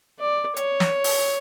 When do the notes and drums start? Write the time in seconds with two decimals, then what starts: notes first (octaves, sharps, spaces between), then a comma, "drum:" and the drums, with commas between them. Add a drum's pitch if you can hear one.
0.20 D5
0.56 C#5, drum: hi-hat
0.80 drum: snare
1.04 drum: open hi-hat